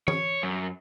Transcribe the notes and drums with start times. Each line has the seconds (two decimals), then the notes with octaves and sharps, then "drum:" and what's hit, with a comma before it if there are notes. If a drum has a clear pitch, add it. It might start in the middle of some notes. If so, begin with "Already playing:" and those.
0.08 C#5, drum: tom
0.43 F#2